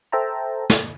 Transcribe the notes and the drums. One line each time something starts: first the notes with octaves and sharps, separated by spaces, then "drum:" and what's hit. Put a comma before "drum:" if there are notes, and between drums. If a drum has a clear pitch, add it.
A4 C5 E5 G5 A5 A#5
drum: snare